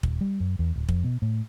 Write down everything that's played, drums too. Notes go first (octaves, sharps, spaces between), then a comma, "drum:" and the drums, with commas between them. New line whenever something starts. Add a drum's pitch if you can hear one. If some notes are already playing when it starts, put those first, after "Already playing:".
D#1, drum: kick
G3
F#2
E2
D1
F2, drum: kick
B2
A2